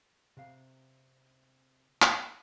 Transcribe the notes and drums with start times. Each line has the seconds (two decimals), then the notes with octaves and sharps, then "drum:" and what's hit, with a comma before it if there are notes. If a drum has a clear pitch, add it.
0.37 C3 F5
2.02 drum: clap